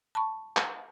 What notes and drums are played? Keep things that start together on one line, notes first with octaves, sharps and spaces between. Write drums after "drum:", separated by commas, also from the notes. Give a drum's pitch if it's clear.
A5 B5 C#6
drum: clap